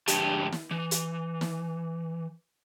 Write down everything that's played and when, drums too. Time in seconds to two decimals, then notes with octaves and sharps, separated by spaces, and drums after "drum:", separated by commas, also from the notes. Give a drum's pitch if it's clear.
0.08 F2 G#2 D3 G4 A5, drum: hi-hat
0.52 drum: snare
0.71 E3
0.91 drum: hi-hat
1.41 drum: snare